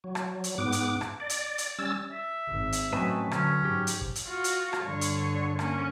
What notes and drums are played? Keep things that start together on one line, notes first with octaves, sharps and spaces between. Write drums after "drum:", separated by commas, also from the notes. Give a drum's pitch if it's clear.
F#3
drum: rim click
drum: hi-hat
G#2 B3 D6
drum: hi-hat
drum: rim click
D5
drum: hi-hat
drum: hi-hat
G3 C#4 E6 A6
E5
G#1
drum: hi-hat
A2 F#3 C4 C#4 B4 D#5 A5
D3 F#3 C#4, drum: rim click
G#2 G4
drum: hi-hat
drum: kick
drum: hi-hat
F4 F#4
drum: hi-hat
drum: rim click
G2 D3 C#5
drum: hi-hat
A#3 C#4, drum: rim click